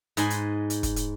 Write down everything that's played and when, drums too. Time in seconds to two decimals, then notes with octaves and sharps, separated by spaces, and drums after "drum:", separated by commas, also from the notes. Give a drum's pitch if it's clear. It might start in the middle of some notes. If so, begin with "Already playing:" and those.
0.17 G#2 B4 D#5 F#5 G#5 C6, drum: hi-hat
0.30 drum: hi-hat
0.70 drum: hi-hat
0.83 drum: kick, hi-hat
0.96 drum: hi-hat